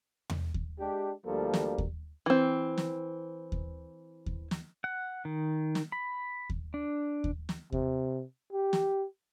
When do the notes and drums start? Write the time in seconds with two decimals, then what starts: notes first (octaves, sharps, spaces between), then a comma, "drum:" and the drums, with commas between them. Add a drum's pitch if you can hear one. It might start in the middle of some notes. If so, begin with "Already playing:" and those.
0.30 drum: tom E2
0.54 drum: kick D#2
0.79 G#3 D4 G4
1.25 D2 F3 G3 A#3 A4
1.54 drum: snare
1.78 drum: kick D#2
2.26 E3 C4
2.78 drum: snare
3.52 drum: kick D#2
4.26 drum: kick D#2
4.51 drum: snare
4.84 F#5
5.25 D#3
5.75 drum: snare
5.92 B5
6.50 drum: kick D#2
6.74 D4
7.24 drum: kick D#2
7.49 drum: snare
7.72 C3, drum: kick D#2
8.53 G4
8.73 drum: snare